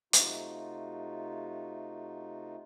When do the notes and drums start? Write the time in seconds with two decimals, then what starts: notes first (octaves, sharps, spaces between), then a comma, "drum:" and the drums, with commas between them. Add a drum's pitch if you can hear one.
0.13 C3 A3 D#4 F4 F#4, drum: hi-hat